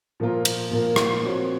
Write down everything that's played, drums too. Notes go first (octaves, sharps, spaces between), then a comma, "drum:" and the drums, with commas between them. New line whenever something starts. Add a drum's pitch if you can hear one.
A#2 F3 A#3 F4 A#4
drum: cymbal
A#2 F3 A#3 F4 A#4
drum: rim click
F3 C4 F#4 C#5